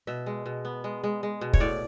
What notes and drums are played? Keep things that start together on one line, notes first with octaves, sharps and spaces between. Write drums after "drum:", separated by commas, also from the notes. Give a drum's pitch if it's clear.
B2 E5
G#3
B2
B3
G#3
G#3
G#3
B2
C#5, drum: kick
A2 D5